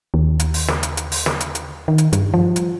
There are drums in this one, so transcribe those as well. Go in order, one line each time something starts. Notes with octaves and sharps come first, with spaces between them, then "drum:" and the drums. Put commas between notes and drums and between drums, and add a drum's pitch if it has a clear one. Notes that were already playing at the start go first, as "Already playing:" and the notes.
D#2
drum: hi-hat
drum: open hi-hat
drum: snare
drum: hi-hat
drum: hi-hat
drum: open hi-hat
drum: snare
drum: hi-hat
drum: hi-hat
D#3
drum: hi-hat
G2, drum: hi-hat
F3
drum: hi-hat